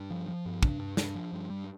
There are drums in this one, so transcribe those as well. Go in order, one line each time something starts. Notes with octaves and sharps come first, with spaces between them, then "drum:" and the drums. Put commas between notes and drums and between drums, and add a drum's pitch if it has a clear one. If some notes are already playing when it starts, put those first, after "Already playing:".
Already playing: G2
F3
F3
G2
D4, drum: kick
G2
D4, drum: snare
F3
G2
G3